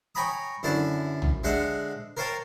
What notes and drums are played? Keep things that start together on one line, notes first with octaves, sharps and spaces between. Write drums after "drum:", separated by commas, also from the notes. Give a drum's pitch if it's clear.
C#5 G5 G#5 A#5 B5 D#6
F#2 D3 E4 C5 A5
drum: tom
D3 G#3 C5 E5 F#5
A#4 C5 C#5 F5 G5 A5